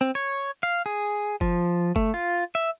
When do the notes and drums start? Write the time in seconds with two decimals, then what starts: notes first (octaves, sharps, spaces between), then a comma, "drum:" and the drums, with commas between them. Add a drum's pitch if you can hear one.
0.01 C4
0.15 C#5
0.63 F5
0.86 G#4
1.41 F3, drum: kick F#1
1.96 A3, drum: kick F#1
2.14 F4
2.55 E5